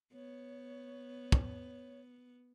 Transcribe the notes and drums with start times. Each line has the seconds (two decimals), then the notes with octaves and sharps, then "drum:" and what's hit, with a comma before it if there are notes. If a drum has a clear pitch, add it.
0.13 B3 C#5
1.32 drum: kick